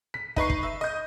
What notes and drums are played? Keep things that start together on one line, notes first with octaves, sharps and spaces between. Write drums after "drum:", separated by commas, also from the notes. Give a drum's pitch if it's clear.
B6
D#4 B4 C#6 C7, drum: kick
drum: kick
E5
D#5 G6